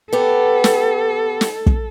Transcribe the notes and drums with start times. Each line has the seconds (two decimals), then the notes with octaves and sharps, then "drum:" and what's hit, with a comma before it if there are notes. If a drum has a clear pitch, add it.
0.13 B3 G4 A4
0.64 drum: snare
1.41 drum: snare
1.66 drum: kick